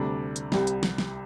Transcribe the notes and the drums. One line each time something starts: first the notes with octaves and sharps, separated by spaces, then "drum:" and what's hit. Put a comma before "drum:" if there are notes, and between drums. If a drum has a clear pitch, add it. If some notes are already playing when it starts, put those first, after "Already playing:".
Already playing: D2 C3 G3 D4 A4
drum: hi-hat
C2 C3 G3, drum: snare
drum: hi-hat
drum: snare
drum: snare